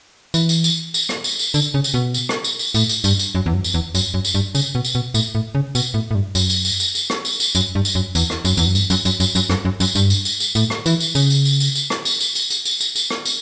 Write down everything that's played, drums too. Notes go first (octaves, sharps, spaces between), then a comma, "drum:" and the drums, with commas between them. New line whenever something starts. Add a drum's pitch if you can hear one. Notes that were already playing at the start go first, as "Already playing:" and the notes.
E3, drum: tambourine
drum: tambourine
drum: tambourine
drum: tambourine
drum: rim click
drum: tambourine
drum: tambourine
D3, drum: tambourine
C#3
drum: tambourine
B2
drum: tambourine
drum: rim click
drum: tambourine
drum: tambourine
A2, drum: tambourine
drum: tambourine
G2, drum: tambourine
drum: tambourine
F#2
E2
F#2
drum: tambourine
E2
F#2, drum: tambourine
F#2
drum: tambourine
G2
C#3, drum: tambourine
B2
drum: tambourine
B2
A2, drum: tambourine
A2
C#3
B2, drum: tambourine
A2
A2
G2
F#2, drum: tambourine
drum: tambourine
drum: tambourine
drum: tambourine
drum: tambourine
drum: rim click
drum: tambourine
drum: tambourine
F#2, drum: tambourine
G2
drum: tambourine
F#2
E2, drum: tambourine
drum: rim click
F#2, drum: tambourine
E2, drum: tambourine
F#2
G2, drum: tambourine
F#2, drum: tambourine
F#2, drum: tambourine
F#2, drum: tambourine
F#2, drum: tambourine
F#2, drum: rim click
F#2
F#2, drum: tambourine
G2, drum: tambourine
drum: tambourine
drum: tambourine
drum: tambourine
A2, drum: tambourine
drum: rim click
E3, drum: tambourine
drum: tambourine
C#3, drum: tambourine
drum: tambourine
drum: tambourine
drum: tambourine
drum: tambourine
drum: rim click
drum: tambourine
drum: tambourine
drum: tambourine
drum: tambourine
drum: tambourine
drum: tambourine
drum: tambourine
drum: rim click
drum: tambourine